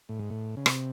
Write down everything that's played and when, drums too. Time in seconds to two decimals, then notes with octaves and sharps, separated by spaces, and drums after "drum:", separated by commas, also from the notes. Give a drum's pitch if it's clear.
0.09 A2
0.19 G#2
0.30 A2
0.57 C#3
0.66 C3, drum: rim click